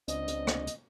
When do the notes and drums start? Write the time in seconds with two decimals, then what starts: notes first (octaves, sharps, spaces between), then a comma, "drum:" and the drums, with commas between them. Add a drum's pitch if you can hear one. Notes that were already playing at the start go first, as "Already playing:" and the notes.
0.08 C#2 C4 D4 D#5, drum: hi-hat
0.28 drum: hi-hat
0.47 drum: rim click
0.67 drum: hi-hat